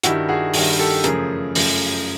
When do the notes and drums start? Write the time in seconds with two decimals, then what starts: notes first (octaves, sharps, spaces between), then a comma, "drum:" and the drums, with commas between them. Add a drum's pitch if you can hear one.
0.03 G2 D#3 G3 E4 F#4, drum: hi-hat
0.29 F#4 G#4
0.54 G2 D#3 G3, drum: open hi-hat
0.79 G4 A4
1.04 F#2 C#3 F3 A3 G#4 A#4, drum: hi-hat
1.55 F#2 C#3 F3 A3, drum: open hi-hat